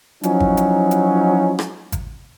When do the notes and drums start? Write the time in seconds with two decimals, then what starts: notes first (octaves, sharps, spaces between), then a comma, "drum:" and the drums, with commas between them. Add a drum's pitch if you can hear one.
0.23 F3 F#3 C#4 D#4 E4, drum: hi-hat
0.40 drum: kick G#1
0.57 drum: hi-hat
0.91 drum: hi-hat
1.59 drum: rim click
1.92 drum: kick G#1, hi-hat